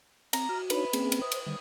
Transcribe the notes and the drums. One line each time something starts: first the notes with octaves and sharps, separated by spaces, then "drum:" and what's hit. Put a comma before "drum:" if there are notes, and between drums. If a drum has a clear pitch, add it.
C4 A#5, drum: cymbal
F#4 F6
D4 D#4 B4 C#5, drum: cymbal
A#3 C4 C#4 G#4, drum: cymbal
drum: cymbal
C5 D#6
drum: cymbal
D3 D#3 G3